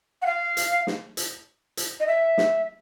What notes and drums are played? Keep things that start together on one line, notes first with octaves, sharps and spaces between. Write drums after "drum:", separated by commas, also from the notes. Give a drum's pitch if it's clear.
F#5
F5
drum: hi-hat
drum: snare
drum: hi-hat
drum: hi-hat
D#5
E5
drum: snare